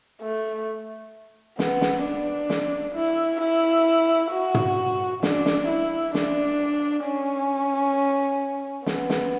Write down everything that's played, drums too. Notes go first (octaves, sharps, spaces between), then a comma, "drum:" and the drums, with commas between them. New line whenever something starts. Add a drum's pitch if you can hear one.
A3
B3, drum: snare
drum: snare
D4
drum: snare
E4
E4
F#4
drum: tom
D4, drum: snare
drum: snare
E4
D4, drum: snare
C#4
B3, drum: snare
drum: snare